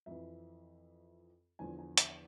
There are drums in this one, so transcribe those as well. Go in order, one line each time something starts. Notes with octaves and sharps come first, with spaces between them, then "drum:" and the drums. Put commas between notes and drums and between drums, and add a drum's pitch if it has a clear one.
F2 E3 E5
E2 D3 F3 G#5
G#5
E5, drum: hi-hat